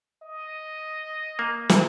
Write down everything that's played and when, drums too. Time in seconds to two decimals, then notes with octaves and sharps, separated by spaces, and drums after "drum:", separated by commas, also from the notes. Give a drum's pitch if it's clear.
0.22 D#5
1.39 A#3
1.69 drum: snare